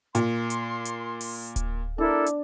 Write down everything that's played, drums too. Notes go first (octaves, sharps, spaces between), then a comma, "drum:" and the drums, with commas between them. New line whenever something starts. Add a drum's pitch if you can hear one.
A#2 C6, drum: hi-hat
drum: hi-hat
drum: hi-hat
drum: open hi-hat
drum: kick D1, hi-hat
D4 E4 A4 A#4
drum: hi-hat